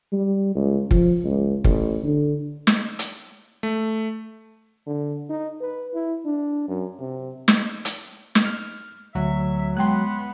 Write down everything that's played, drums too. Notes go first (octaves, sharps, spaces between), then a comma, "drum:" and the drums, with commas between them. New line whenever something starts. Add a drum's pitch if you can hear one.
G3
C#2
F3, drum: kick F#1
C#2
A1, drum: kick F#1
D3
drum: snare
drum: hi-hat
A3
D3
D#4
B4
E4
D4
F#2
C3
drum: snare
drum: hi-hat
drum: snare
F6
D2 F#3 E5
G#3 B3 G5 C6 F#6